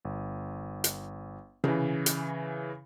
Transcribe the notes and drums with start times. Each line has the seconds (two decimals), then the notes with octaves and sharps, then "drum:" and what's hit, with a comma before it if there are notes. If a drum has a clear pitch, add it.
0.05 G1
0.84 drum: hi-hat
1.64 C#3 E3, drum: tom C3
2.06 drum: hi-hat